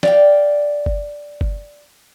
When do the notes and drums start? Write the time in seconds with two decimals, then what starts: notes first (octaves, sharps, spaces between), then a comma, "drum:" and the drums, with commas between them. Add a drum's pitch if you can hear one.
0.03 D5 F5 G5, drum: snare
0.86 drum: kick F#1
1.41 drum: kick F#1